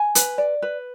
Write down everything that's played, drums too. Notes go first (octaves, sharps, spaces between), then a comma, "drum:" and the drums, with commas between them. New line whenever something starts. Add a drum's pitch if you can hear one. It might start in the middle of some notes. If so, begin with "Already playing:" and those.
Already playing: G#5
B4, drum: hi-hat
D5
B4